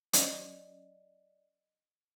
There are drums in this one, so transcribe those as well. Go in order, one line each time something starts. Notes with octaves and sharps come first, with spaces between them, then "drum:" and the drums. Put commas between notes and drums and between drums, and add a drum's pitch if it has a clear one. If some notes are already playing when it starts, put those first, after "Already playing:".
F#3 C#4 D5 D#5, drum: hi-hat